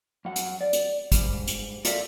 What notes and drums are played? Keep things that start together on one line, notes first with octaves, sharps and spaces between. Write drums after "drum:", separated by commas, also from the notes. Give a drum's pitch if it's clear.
F#2 F#5
drum: hi-hat
D5
drum: hi-hat
G#2 G3, drum: kick, hi-hat
drum: hi-hat
F4 A4 A#4 D5 E5 F5, drum: hi-hat